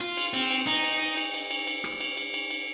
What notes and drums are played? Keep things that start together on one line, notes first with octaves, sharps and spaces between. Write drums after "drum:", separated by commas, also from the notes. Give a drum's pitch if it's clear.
F4
drum: cymbal
C4, drum: cymbal
drum: cymbal
D#4, drum: cymbal
drum: cymbal
drum: cymbal
drum: cymbal
drum: cymbal
drum: cymbal
drum: rim click
drum: cymbal
drum: cymbal
drum: cymbal
drum: cymbal